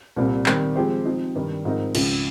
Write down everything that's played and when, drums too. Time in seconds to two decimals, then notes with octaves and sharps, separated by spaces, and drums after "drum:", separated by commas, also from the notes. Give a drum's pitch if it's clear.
0.16 C2 A#2 G3 C4
0.46 D#3 G3 C4 G4, drum: clap
0.76 F3 G#3 C4 G4 C5
1.05 F3 C4 D#4
1.35 G2 D#3 G3
1.65 G#2 F3 C4 D#4 A#4
1.95 C#2 C#3 F3, drum: cymbal